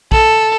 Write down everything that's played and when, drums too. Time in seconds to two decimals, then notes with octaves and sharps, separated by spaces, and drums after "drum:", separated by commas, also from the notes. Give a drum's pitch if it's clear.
0.12 A4, drum: kick